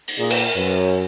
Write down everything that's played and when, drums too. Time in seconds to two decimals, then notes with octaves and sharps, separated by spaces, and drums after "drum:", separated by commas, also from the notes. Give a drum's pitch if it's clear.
0.08 drum: open hi-hat
0.18 A#2 G#4
0.30 B4, drum: cymbal
0.44 A#4
0.56 F#2 B4
0.76 C#5